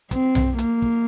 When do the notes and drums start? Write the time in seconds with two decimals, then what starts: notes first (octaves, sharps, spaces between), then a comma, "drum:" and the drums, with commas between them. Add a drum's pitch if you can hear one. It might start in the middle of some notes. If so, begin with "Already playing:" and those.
0.11 C4, drum: kick, hi-hat
0.35 drum: tom B1
0.59 A#3, drum: hi-hat
0.82 drum: kick